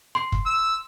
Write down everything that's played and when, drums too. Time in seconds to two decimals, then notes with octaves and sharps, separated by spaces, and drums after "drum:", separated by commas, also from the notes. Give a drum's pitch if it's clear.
0.15 C6
0.32 drum: kick
0.47 E6